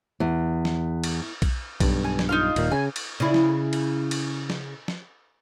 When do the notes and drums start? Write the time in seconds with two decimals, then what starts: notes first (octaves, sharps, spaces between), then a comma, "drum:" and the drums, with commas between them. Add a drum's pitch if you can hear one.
0.20 E2
0.65 drum: snare
1.04 drum: cymbal
1.42 drum: kick B1, cymbal
1.80 B1 G2, drum: kick B1, cymbal
2.04 G#5
2.19 drum: snare
2.29 D#4 F4 F5
2.56 D#1 A#2, drum: cymbal
2.72 C#3 G#5
2.96 drum: cymbal
3.20 C#3 E4
3.34 drum: snare
3.73 drum: cymbal
4.11 drum: cymbal
4.50 drum: snare
4.88 drum: snare